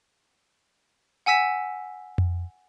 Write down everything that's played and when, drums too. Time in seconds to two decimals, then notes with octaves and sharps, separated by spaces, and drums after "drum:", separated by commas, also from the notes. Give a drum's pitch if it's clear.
1.26 F#5 G#5 E6 B6 E7
2.18 drum: tom F2